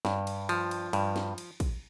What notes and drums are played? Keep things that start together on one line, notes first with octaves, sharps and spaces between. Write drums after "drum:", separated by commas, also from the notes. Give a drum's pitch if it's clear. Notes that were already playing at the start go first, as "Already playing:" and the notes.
G2, drum: snare
drum: cymbal
F3, drum: cymbal
drum: cymbal
G2, drum: cymbal
drum: snare
drum: cymbal
drum: kick, cymbal